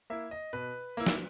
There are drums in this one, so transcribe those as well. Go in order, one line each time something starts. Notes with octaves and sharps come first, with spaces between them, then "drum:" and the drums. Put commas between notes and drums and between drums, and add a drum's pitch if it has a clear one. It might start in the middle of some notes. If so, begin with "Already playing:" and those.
A#3 E4 E5
D#5
B2 B4
A#3 E4
drum: snare